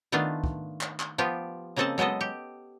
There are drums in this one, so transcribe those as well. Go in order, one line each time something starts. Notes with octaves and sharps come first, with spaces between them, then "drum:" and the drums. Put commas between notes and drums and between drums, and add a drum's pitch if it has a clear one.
D#3 A3 B3 D4 F4
drum: kick
drum: clap
drum: clap
F3 B3 F4 G4
C#3 A#3 C4 A4 D#5 A5
F#3 G#3 B3 A4 D#5
G4